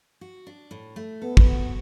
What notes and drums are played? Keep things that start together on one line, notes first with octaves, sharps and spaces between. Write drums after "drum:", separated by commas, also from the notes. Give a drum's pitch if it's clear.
F#4
D4
A2
A3
B3 A4
drum: kick
F#4